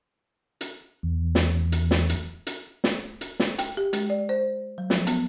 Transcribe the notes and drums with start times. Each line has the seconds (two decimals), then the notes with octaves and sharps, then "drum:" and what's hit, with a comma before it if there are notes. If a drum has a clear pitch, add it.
0.61 drum: hi-hat
1.03 E2
1.35 drum: snare
1.72 drum: hi-hat
1.91 drum: snare
2.09 drum: hi-hat
2.47 drum: hi-hat
2.84 drum: snare
3.21 drum: hi-hat
3.40 drum: snare
3.58 G5, drum: hi-hat
3.77 G4
3.93 G#3, drum: hi-hat
4.10 D5
4.29 C5
4.78 F#3
4.90 F3, drum: snare
5.07 B3, drum: hi-hat